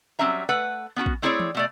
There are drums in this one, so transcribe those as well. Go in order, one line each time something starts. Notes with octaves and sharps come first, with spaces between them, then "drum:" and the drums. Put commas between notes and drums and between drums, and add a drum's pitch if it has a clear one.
F#3 G3 C4 C#4 E5 A#5
A3 B4 F#5
B3 C#4 E4 F#4
drum: kick
A3 C4 E4 G#4 C#5 D5
drum: tom E3
B2 A3 D5